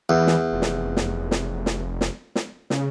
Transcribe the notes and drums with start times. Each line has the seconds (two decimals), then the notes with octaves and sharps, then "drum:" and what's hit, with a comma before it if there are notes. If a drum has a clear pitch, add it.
0.09 E2 E3
0.27 drum: snare
0.52 F1
0.62 drum: snare
0.96 drum: snare
1.31 drum: snare
1.66 drum: snare
2.01 drum: snare
2.35 drum: snare
2.70 C#3, drum: snare